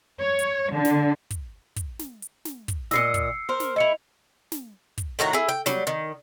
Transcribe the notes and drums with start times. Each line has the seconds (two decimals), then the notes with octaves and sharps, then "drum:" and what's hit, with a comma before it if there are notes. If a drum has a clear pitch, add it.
0.20 C#5
0.39 drum: hi-hat
0.72 D3
0.85 drum: snare
1.31 drum: kick, hi-hat
1.76 drum: kick, hi-hat
1.99 drum: snare
2.22 drum: hi-hat
2.45 drum: snare
2.68 drum: kick, hi-hat
2.91 A#2 C#3 D#5 E6 C7 C#7, drum: snare
3.14 drum: kick, hi-hat
3.49 A#4 C5
3.60 drum: snare
3.76 A3 E4 D#5 C#7 F7
4.52 drum: snare
4.98 drum: kick, hi-hat
5.19 A2 D#3 F#4 A#5
5.33 E4 G#4
5.49 G5
5.66 F#3 G3, drum: snare
5.87 D#3